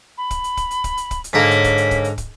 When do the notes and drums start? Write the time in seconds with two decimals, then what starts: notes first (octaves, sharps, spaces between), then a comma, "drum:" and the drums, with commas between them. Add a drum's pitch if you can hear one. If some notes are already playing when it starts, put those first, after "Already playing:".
0.17 B5
0.31 drum: kick, hi-hat
0.44 drum: hi-hat
0.57 drum: kick, hi-hat
0.71 drum: hi-hat
0.84 drum: kick, hi-hat
0.97 drum: hi-hat
1.11 drum: kick, hi-hat
1.24 drum: hi-hat
1.33 G#2 D3 A#3 C#4 A#4 B6
1.51 drum: hi-hat
1.64 drum: kick, hi-hat
1.78 drum: hi-hat
1.91 drum: kick, hi-hat
2.04 drum: hi-hat
2.18 drum: kick, hi-hat